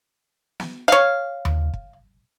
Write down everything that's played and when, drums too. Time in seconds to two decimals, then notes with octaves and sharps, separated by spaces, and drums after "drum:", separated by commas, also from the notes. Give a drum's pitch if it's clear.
0.60 drum: snare
0.88 C#5 F5
1.45 drum: tom D#2
1.73 drum: kick